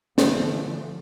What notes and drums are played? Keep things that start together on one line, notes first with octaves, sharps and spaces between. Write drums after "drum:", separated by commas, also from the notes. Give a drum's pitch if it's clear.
D3 E3 F3 A3, drum: snare